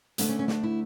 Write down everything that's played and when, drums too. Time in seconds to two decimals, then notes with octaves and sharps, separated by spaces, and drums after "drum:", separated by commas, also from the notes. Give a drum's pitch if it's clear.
0.18 D2 D3 A3 D4, drum: hi-hat
0.29 C#4
0.39 C#4
0.48 D4, drum: snare
0.63 E4